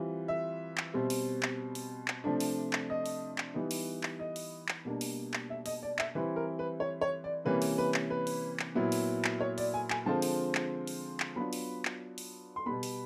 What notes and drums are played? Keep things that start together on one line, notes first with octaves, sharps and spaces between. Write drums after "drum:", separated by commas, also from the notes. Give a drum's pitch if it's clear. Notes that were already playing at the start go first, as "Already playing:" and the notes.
Already playing: E3 G3 C4 F4
E5
drum: clap
B2 G3 C4
drum: open hi-hat
drum: clap
drum: open hi-hat
drum: clap
C3 F3 A3 D4
drum: open hi-hat
drum: clap
D#5
drum: open hi-hat
drum: clap
E3 G3 B3 D#4
drum: open hi-hat
drum: clap
D#5
drum: open hi-hat
drum: clap
B2 G3 A#3 D4
drum: open hi-hat
drum: clap
E5
D#5, drum: open hi-hat
D5
E5, drum: clap
E3 G3 C4 E4 B4
A#4
B4
C#5
C#5
D5
C3 E3 G3 A#3 C#4 B4
drum: open hi-hat
B4
drum: clap
B4
drum: open hi-hat
drum: clap
A#2 F#3 B3 E4
drum: open hi-hat
drum: clap
C#5
D5, drum: open hi-hat
G#5
G#5, drum: clap
D3 F3 G#3 C4 F4 A5
drum: open hi-hat
drum: clap
drum: open hi-hat
drum: clap
F#3 B3 D4 F4 B5
drum: open hi-hat
drum: clap
drum: open hi-hat
C6
B2 G3 B3 B5
drum: open hi-hat